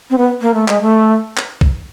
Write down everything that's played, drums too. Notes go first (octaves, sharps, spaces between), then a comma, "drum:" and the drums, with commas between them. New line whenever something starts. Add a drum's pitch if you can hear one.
C4
B3
A#3
A3
G#3, drum: clap
A3
drum: clap
drum: kick